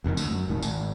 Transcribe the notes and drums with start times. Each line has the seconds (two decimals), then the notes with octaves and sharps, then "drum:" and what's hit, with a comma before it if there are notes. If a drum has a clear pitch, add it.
0.04 F1 F2 B2 D#3
0.17 D2, drum: tambourine
0.31 F#2
0.48 E1 A2 D#3
0.62 G#1, drum: tambourine